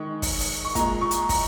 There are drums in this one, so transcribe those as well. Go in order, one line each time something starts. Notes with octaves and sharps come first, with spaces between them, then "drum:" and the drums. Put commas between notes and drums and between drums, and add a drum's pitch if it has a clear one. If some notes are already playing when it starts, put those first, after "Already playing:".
Already playing: D#3 G#3 C#6
drum: kick, open hi-hat
drum: open hi-hat
C#6
A#2 G#3 A#5, drum: kick, hi-hat
C#6
drum: hi-hat
A#5, drum: kick, open hi-hat